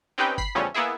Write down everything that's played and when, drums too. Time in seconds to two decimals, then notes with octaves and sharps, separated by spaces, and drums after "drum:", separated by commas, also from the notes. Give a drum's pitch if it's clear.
0.18 C4 C#4 D#4 G4 B4 G5
0.38 B5 B6 C7, drum: kick G1
0.55 E2 C#3 F3 G3 A3 C#4
0.74 A#3 B3 E4 G#4 E5